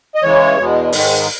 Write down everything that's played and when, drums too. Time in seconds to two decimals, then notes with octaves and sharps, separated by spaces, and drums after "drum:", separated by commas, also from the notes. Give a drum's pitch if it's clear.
0.15 D#5
0.23 C#3 E3 G#3 C#5
0.58 E2 B2 G#3 B3
0.92 G#2 D#3 G#3, drum: open hi-hat